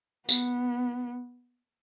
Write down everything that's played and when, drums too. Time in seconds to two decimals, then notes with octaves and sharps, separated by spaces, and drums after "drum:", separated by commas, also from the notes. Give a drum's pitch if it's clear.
0.29 B3, drum: tambourine